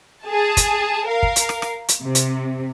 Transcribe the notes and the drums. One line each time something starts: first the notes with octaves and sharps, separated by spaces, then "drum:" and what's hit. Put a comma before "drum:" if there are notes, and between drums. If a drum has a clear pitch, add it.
G#4 A5
drum: kick, hi-hat
A#4 F5
drum: kick
drum: hi-hat
drum: rim click
drum: rim click
drum: hi-hat
C3
drum: hi-hat